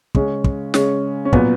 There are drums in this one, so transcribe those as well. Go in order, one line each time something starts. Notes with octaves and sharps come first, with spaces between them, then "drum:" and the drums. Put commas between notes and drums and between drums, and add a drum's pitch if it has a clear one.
C#3 G#3 C#4, drum: kick
drum: kick
C#3 G#3 C#4, drum: snare
C#4
A#2 F#3 B3, drum: kick